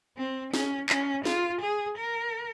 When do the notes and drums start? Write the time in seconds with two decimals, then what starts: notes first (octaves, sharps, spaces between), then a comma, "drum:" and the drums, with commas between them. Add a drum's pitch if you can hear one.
0.17 C4
0.54 C#4, drum: snare
0.89 C#4, drum: clap
1.25 F4, drum: snare
1.62 G#4
1.98 A#4